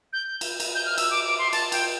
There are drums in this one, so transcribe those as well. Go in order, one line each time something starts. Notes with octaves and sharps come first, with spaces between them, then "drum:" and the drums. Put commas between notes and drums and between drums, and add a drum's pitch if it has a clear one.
G6
drum: cymbal
drum: cymbal
G6
F6
E6, drum: cymbal
D6
D6
C6
A5, drum: cymbal
G5, drum: cymbal